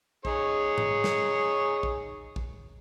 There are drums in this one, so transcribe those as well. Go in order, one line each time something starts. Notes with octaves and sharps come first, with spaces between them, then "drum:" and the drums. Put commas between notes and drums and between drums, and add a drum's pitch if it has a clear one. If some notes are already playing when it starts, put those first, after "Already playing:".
D#4 G#4 C#5, drum: kick A#1
drum: tom G#2
drum: snare
drum: kick A#1
drum: kick A#1